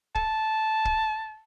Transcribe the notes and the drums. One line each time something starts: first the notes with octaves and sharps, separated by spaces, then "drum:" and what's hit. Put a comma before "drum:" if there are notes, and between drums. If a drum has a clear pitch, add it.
A5, drum: kick
drum: kick